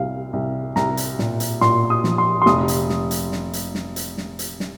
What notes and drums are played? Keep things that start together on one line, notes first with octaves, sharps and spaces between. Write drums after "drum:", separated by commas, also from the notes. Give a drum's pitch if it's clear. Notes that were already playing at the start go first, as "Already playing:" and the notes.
Already playing: C2 F5
C2
C2 A#5, drum: snare
drum: hi-hat
A#2, drum: snare
drum: hi-hat
A#2 C6, drum: snare
D#6
F3, drum: snare
C6
C6
F1 D#6, drum: snare
drum: hi-hat
drum: snare
drum: hi-hat
drum: snare
drum: hi-hat
drum: snare
drum: hi-hat
drum: snare
drum: hi-hat
drum: snare